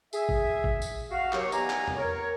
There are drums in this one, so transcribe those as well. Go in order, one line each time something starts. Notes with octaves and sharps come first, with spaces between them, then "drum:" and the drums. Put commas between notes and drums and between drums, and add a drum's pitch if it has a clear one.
G#4 E5, drum: tambourine
drum: kick G#1
drum: kick G#1
drum: tambourine
F#4 F5
D#2 F#3 G4 C#6, drum: clap
E2 D#3 B3 G4 G#5 A#5, drum: tambourine
drum: clap
drum: tom E2
A#4 C#5